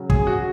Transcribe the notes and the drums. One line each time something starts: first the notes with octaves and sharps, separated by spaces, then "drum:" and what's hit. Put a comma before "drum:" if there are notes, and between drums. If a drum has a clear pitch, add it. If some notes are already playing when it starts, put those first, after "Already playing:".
Already playing: C#3 F#3
G#4, drum: kick
F#4